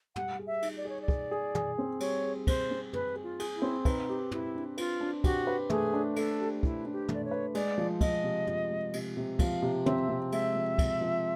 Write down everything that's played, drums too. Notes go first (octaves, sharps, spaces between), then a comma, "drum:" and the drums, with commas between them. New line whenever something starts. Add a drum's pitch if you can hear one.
G3 F#5, drum: tom
G#4
E5
D#4, drum: cymbal
D5
G#4 C#5
D5
G#4, drum: kick
G#4
G#4, drum: tom
C4
G3 C#5, drum: cymbal
G#4
C4 C5, drum: kick, cymbal
C4
G#4 B4, drum: tom
G#4
F4
G#4, drum: cymbal
E4
C4
D#4 B4, drum: kick, cymbal
G4
E4 G4, drum: tom
D4
F4 B4, drum: cymbal
D4
F#4 G4, drum: kick, cymbal
B4
A3 G#4, drum: tom
D4
A3 A4, drum: cymbal
G4
D4 E4, drum: kick
D4
G4
A3, drum: tom
D5
C#5
B4
G#3 D5, drum: cymbal
F3
F3 D#5, drum: kick, cymbal
C3
F3, drum: tom
G#3
C3, drum: cymbal
C3
F3 F5, drum: kick, cymbal
C3
C4 E5, drum: tom
C3
G#3 E5, drum: cymbal
F3
F3, drum: kick, cymbal
F3